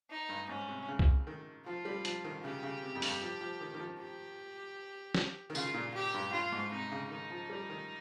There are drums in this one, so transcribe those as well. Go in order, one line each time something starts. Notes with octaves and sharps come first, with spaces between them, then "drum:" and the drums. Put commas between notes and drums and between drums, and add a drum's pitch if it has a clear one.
D#4
G2
G#2 C#4
C3
C#3
drum: kick C2
D#3
F3 F4
G3
F3, drum: hi-hat
D#3
C#3 G4
C#3
C3
F2
G2, drum: open hi-hat
F3
F3
D#3
D#3
F3
G4
drum: snare
D#3
C#3 F4, drum: tambourine
A#2
G4
G2
G2 F4
G#2
C3 D#4
C#3
D#3 D#4
F3
G3
D#3